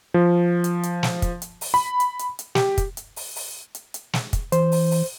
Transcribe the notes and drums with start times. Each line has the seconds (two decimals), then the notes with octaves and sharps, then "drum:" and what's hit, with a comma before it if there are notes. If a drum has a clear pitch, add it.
0.14 F3
0.64 drum: hi-hat
0.83 drum: hi-hat
1.03 drum: snare
1.22 drum: kick, hi-hat
1.42 drum: hi-hat
1.61 drum: open hi-hat
1.74 B5
2.00 drum: hi-hat
2.19 drum: hi-hat
2.39 drum: hi-hat
2.55 G4, drum: snare
2.78 drum: kick, hi-hat
2.97 drum: hi-hat
3.16 drum: open hi-hat
3.36 drum: open hi-hat
3.75 drum: hi-hat
3.94 drum: hi-hat
4.13 drum: snare
4.33 drum: kick, hi-hat
4.52 E3 C5, drum: hi-hat
4.72 drum: open hi-hat
4.91 drum: open hi-hat